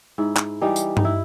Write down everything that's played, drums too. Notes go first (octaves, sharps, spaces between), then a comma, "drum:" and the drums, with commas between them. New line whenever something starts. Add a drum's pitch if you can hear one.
G#2 E4
drum: clap
E3 G3 D#4
drum: tambourine
D#4, drum: tom G2
E4